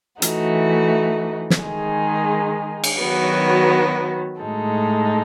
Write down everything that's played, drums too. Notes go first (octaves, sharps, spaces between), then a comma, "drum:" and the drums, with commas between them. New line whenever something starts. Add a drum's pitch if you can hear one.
E3 A3 D#4 F#4, drum: hi-hat
drum: snare
D#3 G#3 D#4 G#4
drum: cymbal
D#3 F#3 B3 F#4
A2 G#3 D#4 A4